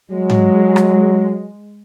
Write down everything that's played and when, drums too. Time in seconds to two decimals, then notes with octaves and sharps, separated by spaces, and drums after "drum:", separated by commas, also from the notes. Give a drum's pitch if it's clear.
0.11 F#3 G#3
0.30 drum: tom G#2
0.76 drum: rim click